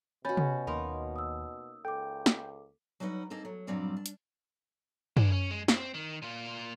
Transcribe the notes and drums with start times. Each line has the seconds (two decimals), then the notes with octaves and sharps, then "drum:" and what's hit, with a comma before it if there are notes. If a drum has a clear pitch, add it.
0.25 B2 C#4 F#4 B5 G6 A6
0.37 drum: tom C3
0.67 D#2 A#3 D#4 A#4 B5 C6
1.16 D#6 E6
1.85 C#2 A4 G5 D6
2.26 drum: snare
3.00 F#3 G3 D#4 B4 F#5
3.30 A#3 C4 D#4 A4
3.45 F#3
3.67 G2 A#2 F#3 G3 C4 D5
3.97 D4
4.06 drum: hi-hat
5.17 D4 G#4, drum: tom
5.32 C#4
5.50 G#3
5.68 C4, drum: snare
5.94 D#3
6.22 A#2 F4